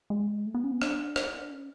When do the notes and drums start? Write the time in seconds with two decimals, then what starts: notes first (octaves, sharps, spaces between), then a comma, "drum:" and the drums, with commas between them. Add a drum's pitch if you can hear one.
0.10 G#3
0.46 A3
0.55 B3
0.64 C#4
0.72 B3
0.82 D4, drum: rim click
1.16 drum: rim click
1.51 C#4